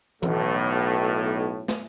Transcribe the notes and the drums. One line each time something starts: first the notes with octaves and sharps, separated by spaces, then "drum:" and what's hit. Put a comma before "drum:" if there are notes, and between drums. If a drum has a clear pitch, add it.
B1 A2, drum: tom E3
drum: snare